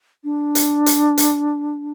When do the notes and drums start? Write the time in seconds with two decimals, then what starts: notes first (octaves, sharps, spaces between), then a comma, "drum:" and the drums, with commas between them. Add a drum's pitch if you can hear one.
0.24 D4
0.55 drum: hi-hat
0.86 drum: hi-hat
1.18 drum: hi-hat